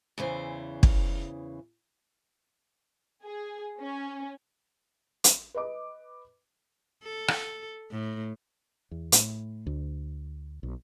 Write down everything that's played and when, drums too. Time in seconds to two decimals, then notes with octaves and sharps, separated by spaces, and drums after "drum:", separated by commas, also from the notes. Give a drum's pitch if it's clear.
0.18 E2 C#3 E3 C5
0.83 drum: kick
3.24 G#4
3.80 C#4
5.24 drum: hi-hat
5.54 B4 D#5 D6
7.04 A4
7.28 drum: rim click
7.91 A2
8.91 E2
9.12 A2, drum: hi-hat
9.66 D2
10.63 B1